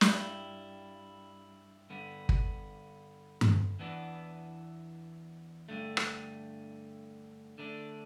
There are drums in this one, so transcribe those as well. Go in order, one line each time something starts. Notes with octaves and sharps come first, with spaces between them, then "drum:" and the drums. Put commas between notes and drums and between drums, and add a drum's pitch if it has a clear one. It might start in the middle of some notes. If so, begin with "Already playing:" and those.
G2 G3 E4, drum: snare
G2 D3 B3
drum: kick
drum: tom G2
E2 E3 B3 D4
G2 D3 A3
drum: rim click
D3 A3 D4